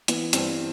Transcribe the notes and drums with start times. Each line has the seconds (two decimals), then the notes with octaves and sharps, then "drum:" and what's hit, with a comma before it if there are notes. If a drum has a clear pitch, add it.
0.08 E3 B3, drum: hi-hat
0.33 G2 C4, drum: hi-hat